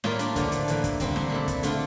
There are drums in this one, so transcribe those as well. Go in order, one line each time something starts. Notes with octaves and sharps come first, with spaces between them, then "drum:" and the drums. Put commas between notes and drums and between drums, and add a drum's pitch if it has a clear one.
A2 G3 A#3 F4, drum: snare
D4, drum: hi-hat
D3 F3 A3, drum: kick, hi-hat
drum: hi-hat
A2 E3 A#3, drum: hi-hat
drum: kick, hi-hat
D3 G3 A#3 C4, drum: kick, hi-hat
D4, drum: snare
A#2 A3 E4
drum: kick, hi-hat
D3 A3 F4, drum: hi-hat